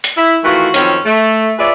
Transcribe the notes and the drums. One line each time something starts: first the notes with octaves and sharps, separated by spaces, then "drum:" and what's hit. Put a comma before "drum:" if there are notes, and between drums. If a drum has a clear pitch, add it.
drum: hi-hat
E4
D#3 E3 A3 F4 F#4
F2 D#3 F#3 C4 C#4, drum: hi-hat
A3
F4 G#4 B4 C#5 D5 E5